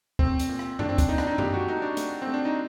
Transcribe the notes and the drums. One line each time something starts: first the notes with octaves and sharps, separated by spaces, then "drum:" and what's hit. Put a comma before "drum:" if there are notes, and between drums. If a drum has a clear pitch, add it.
A3 C4, drum: kick
drum: hi-hat
A#2
drum: rim click
A3 D4, drum: tom F#2
C4
D4, drum: kick, hi-hat
A#2 D#4
D4, drum: rim click
D#4
A#2 G4, drum: tom F#2
F#4
A3 D#4
D4
A3, drum: hi-hat
C4
A3
D4
D#4